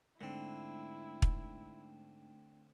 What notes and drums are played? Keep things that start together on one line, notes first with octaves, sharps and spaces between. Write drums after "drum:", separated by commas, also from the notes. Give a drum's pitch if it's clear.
G#2 D3 A3 C4 D4 E4 G5
drum: kick